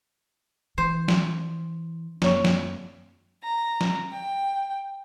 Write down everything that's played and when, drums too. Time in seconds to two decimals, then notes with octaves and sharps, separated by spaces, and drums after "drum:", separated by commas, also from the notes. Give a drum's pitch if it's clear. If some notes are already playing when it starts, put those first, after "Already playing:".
0.78 E3 C5
1.08 drum: snare
2.22 F#2 A#3 C#5 C#6, drum: snare
2.44 drum: snare
3.43 A#5
3.81 drum: snare
4.11 G5